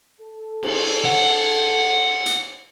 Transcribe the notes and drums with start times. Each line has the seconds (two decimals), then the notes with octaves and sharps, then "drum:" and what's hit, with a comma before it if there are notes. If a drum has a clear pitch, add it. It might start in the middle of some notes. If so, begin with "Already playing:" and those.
0.20 A4
0.63 drum: cymbal
1.05 F#5
2.26 drum: hi-hat